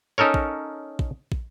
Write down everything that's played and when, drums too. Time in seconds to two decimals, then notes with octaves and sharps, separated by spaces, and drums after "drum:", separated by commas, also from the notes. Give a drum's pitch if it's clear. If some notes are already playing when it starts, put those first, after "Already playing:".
0.18 C#4 D#4 A4 A#4 C#5
0.34 drum: kick
0.99 drum: kick
1.32 drum: kick